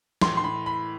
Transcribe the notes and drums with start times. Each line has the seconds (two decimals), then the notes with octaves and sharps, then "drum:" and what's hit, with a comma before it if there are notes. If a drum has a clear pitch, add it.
0.21 A2 E3 C6, drum: snare
0.37 C6
0.44 B5
0.66 B5